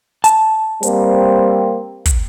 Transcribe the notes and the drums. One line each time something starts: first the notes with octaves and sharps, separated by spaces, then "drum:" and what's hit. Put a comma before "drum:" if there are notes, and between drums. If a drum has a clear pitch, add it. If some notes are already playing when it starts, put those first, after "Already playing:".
A5, drum: hi-hat
G3 A#3 C4, drum: hi-hat
drum: kick, hi-hat